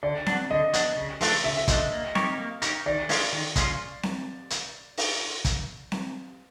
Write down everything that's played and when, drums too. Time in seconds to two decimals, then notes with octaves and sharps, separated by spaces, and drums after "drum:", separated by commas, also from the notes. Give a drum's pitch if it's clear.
0.03 D3 D5
0.26 F#3 B3 D4, drum: snare C4
0.50 D3 D#5
0.73 F#3 B3 D4, drum: hi-hat
0.97 C#3
1.21 F3 A3 D4, drum: open hi-hat
1.44 C#3 E5
1.57 E5
1.68 F3 A3 D4 D#5, drum: kick, hi-hat
1.92 A#3
2.15 D#4 G4 A#4 C#5, drum: snare C4
2.38 A#3
2.62 D#4 G4 A#4 C#5, drum: hi-hat
2.86 D#3 D5
3.09 G#3 C#4 F4, drum: open hi-hat
3.32 D#3
3.56 G#3 C#4 F4, drum: kick, hi-hat
4.03 drum: snare C4
4.50 drum: hi-hat
4.98 drum: open hi-hat
5.45 drum: kick, hi-hat
5.92 drum: snare C4